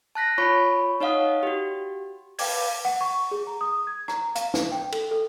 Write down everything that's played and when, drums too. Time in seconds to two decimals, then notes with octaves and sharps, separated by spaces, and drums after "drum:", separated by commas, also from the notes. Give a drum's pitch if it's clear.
0.15 A5 F#6 A#6 B6
0.38 F4 C#5 B5 C#6
1.01 D#4 C#5 D#5 F5 F#5 D#6
1.43 F#4 G4
2.39 B4 F5 G5 D6 G#6, drum: open hi-hat
2.85 F#5
3.01 C#6
3.31 G#4
3.47 A#5
3.61 D#6
3.87 G#6
4.08 A#5, drum: rim click
4.35 F5, drum: hi-hat
4.54 drum: snare
4.72 G5
4.92 A4, drum: cymbal
5.11 A4